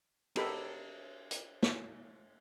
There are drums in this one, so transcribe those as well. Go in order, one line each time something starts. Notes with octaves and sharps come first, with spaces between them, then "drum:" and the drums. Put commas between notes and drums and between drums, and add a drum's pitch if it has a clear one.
B3 D#4 G4 A4 A#4 B5, drum: cymbal
drum: hi-hat
drum: snare